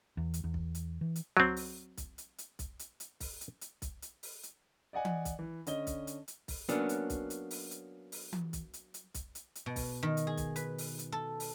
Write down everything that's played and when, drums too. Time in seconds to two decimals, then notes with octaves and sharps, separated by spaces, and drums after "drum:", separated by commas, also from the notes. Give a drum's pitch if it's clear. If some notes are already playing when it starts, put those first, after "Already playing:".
0.17 E2
0.34 drum: hi-hat
0.44 E2
0.54 drum: kick B1
0.75 drum: hi-hat
1.01 E3
1.16 drum: hi-hat
1.37 F#3 C4, drum: tom
1.56 drum: open hi-hat
1.97 drum: kick B1, hi-hat
2.18 drum: hi-hat
2.38 drum: hi-hat
2.59 drum: kick B1, hi-hat
2.79 drum: hi-hat
3.00 drum: hi-hat
3.20 drum: kick B1, open hi-hat
3.41 drum: hi-hat
3.61 drum: hi-hat
3.82 drum: kick B1, hi-hat
4.02 drum: hi-hat
4.23 drum: open hi-hat
4.43 drum: hi-hat
4.93 D5 D#5 F#5 G#5
5.05 drum: tom E3
5.25 drum: kick B1, hi-hat
5.39 E3
5.67 D3 C#4 D#5 G7, drum: hi-hat
5.87 drum: kick B1, hi-hat
6.07 drum: hi-hat
6.28 drum: hi-hat
6.48 drum: kick B1, open hi-hat
6.69 F#3 A#3 B3 C#4 D4, drum: hi-hat
6.89 drum: hi-hat
7.10 drum: kick B1, hi-hat
7.30 drum: hi-hat
7.51 drum: open hi-hat
7.71 drum: hi-hat
8.12 drum: open hi-hat
8.33 drum: tom E3
8.53 drum: kick B1, hi-hat
8.73 drum: hi-hat
8.94 drum: hi-hat
9.14 drum: kick B1, hi-hat
9.35 drum: hi-hat
9.55 drum: hi-hat
9.66 B2
9.76 drum: kick B1, open hi-hat
10.03 D#3
10.17 drum: hi-hat
10.27 G#4
10.37 drum: kick B1, hi-hat
10.56 B4, drum: hi-hat
10.78 drum: open hi-hat
10.99 drum: hi-hat
11.12 A4
11.40 drum: open hi-hat